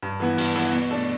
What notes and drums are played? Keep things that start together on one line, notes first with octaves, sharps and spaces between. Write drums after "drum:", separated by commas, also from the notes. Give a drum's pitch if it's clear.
G2
E3 B3 E4
G2, drum: cymbal
E3 B3 E4, drum: cymbal
B2
A3 D4 A4